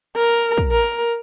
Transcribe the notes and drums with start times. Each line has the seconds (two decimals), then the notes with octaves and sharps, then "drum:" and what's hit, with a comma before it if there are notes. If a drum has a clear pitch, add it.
0.16 A#4
0.57 drum: kick
0.71 A#4